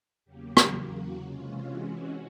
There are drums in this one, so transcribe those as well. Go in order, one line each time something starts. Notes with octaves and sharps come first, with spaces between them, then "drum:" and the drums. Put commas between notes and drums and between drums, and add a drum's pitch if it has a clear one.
E2 C#3 F#3 A#3 G4
drum: rim click
F#4
C3 E3 G#3 C#4 F4
F#4